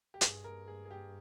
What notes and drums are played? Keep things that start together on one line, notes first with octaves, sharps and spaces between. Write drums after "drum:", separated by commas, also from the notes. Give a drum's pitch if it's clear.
G4
G2 G#4, drum: hi-hat
A#4
G#4
G#4
G4